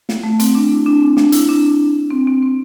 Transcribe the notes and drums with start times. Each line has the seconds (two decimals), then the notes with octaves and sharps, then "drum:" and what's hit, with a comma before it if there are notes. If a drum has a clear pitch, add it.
0.09 drum: snare
0.23 A3
0.40 C4, drum: hi-hat
0.55 D4
0.70 E4
0.86 D4
1.01 C4
1.17 D4, drum: snare
1.32 E4, drum: hi-hat
1.49 D4
2.10 C4
2.27 C4
2.42 C4